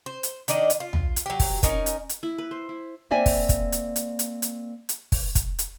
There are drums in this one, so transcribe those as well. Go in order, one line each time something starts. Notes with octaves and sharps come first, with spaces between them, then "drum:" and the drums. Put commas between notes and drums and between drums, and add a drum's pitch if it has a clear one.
C5
drum: hi-hat
D#3 D4 D5 D#5, drum: hi-hat
drum: hi-hat
F4
drum: tom
drum: hi-hat
F#3 G4
drum: kick, open hi-hat
C#4 D#4 A#4, drum: kick, hi-hat
drum: hi-hat
drum: hi-hat
E4
B4
C5
E4
A#3 C4 D5 E5 G#5
drum: kick, open hi-hat
drum: kick, hi-hat
drum: hi-hat
drum: hi-hat
drum: hi-hat
drum: hi-hat
drum: hi-hat
drum: kick, open hi-hat
drum: kick, hi-hat
drum: hi-hat